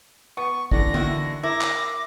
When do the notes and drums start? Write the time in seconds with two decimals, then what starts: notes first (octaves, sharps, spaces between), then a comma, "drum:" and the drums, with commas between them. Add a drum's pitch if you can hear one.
0.37 B3 C#6 C#7
0.71 D3 E3 D4 A#6, drum: kick
0.94 D#3 E4 F#4, drum: tom
1.43 E4 A#4 D6 A#6
1.61 drum: clap